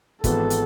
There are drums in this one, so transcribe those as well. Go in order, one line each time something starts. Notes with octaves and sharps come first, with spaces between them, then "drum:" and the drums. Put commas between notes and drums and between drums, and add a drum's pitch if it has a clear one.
G#1 G#2 E3 B3 A4, drum: kick, hi-hat
drum: hi-hat